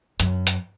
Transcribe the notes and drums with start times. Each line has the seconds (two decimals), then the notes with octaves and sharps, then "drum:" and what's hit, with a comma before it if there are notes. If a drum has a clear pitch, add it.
0.20 F#2, drum: hi-hat
0.47 drum: hi-hat